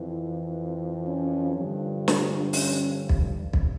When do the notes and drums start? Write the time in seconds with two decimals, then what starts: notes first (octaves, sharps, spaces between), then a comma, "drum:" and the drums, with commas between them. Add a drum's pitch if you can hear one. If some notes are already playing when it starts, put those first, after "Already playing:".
Already playing: F2 E3
1.08 C#4
1.57 G2 D3 F3
2.08 drum: snare
2.53 C#4, drum: open hi-hat
3.09 drum: kick
3.53 drum: kick